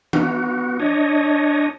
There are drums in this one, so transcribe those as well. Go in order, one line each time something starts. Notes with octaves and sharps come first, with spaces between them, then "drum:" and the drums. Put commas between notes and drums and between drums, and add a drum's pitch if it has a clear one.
B3 F#4, drum: tom E3
D4 C#5 D#5